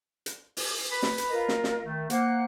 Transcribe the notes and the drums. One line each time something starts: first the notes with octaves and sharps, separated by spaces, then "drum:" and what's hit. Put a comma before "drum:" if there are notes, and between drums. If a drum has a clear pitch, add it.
drum: hi-hat
drum: open hi-hat
B4 B5
drum: snare
drum: hi-hat
F4 A#4 D#5
drum: snare
drum: snare
D#3 A3
A#3 C5 F#5 F#6, drum: hi-hat